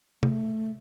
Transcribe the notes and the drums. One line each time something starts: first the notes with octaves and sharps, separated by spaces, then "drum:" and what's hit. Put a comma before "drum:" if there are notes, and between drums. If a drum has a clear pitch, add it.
A3, drum: tom C3